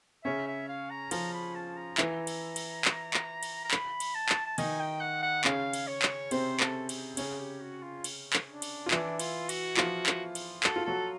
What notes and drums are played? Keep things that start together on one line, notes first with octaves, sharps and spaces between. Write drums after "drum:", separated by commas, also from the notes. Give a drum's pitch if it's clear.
C#3 C#4 E5
E5
F5
A#5
F3 F4 A#5, drum: cymbal
B5
A5
A#5
E3 E4, drum: clap
drum: cymbal
drum: cymbal
drum: clap
drum: clap
drum: cymbal
A#5
B5, drum: clap
drum: cymbal
A5
drum: clap
A5
D#3 D#4 G#5, drum: cymbal
G5
F#5
F#5
C#3 C#4 F5, drum: clap
drum: cymbal
C#5
drum: clap
C3 C4 C5, drum: cymbal
A4, drum: clap
G#4, drum: cymbal
C#3 C#4 G#4, drum: cymbal
G4
F#4
F4
drum: cymbal
drum: clap
D4
drum: cymbal
F4
E3 D4 E4, drum: clap
F4, drum: cymbal
F#4, drum: cymbal
F3 F4 F#4, drum: clap
drum: clap
drum: cymbal
F#4 A4, drum: clap
F4
F#3 F#4 A4